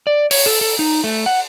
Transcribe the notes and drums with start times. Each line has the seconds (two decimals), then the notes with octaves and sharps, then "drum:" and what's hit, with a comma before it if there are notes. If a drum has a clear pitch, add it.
0.07 D5
0.31 C#5, drum: open hi-hat
0.46 A4
0.61 A4
0.79 D#4
1.04 A3
1.26 F#5